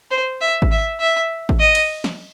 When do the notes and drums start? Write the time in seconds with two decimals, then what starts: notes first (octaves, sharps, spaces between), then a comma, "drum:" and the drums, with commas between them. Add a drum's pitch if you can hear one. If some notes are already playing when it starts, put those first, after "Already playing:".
0.11 C5
0.41 E5
0.62 drum: kick G#1
0.71 E5
1.00 E5
1.49 drum: kick G#1
1.60 D#5
1.75 drum: cymbal
2.04 drum: snare